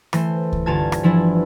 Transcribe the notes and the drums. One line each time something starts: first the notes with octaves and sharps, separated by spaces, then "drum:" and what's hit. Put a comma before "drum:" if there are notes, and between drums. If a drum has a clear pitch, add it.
E3 A3 C5, drum: rim click
drum: kick C#2
G1 F4 A5 G#6
drum: rim click
E3 F3 D4 E4